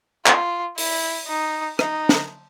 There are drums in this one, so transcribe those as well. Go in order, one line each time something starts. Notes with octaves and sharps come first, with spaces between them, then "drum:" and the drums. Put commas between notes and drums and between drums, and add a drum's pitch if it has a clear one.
F4, drum: clap
E4, drum: open hi-hat
D#4
D#4, drum: rim click
drum: snare